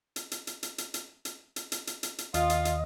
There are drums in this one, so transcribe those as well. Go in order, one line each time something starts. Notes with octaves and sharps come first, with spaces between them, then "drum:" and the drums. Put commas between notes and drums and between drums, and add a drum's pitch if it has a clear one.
drum: hi-hat
drum: hi-hat
drum: hi-hat
drum: hi-hat
drum: hi-hat
drum: hi-hat
drum: hi-hat
drum: hi-hat
drum: hi-hat
drum: hi-hat
drum: hi-hat
drum: hi-hat
D#2 F4 D#5, drum: hi-hat
drum: hi-hat
drum: hi-hat